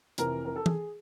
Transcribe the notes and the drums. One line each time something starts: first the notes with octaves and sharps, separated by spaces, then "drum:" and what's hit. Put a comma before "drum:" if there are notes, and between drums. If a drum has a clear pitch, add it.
F1 F2 C3 E3 A#4, drum: hi-hat
A#4
A4
G#4, drum: tom